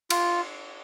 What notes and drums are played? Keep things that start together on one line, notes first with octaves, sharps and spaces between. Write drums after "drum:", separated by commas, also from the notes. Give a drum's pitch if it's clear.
F4, drum: cymbal